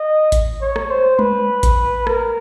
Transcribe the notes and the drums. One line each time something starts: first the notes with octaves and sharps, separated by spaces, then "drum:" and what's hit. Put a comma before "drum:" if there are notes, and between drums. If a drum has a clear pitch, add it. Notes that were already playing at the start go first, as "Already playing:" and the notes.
Already playing: D#5
drum: kick A1, hi-hat
C#5
drum: rim click
C5
B4, drum: tom G3
drum: kick A1, hi-hat
A#4, drum: rim click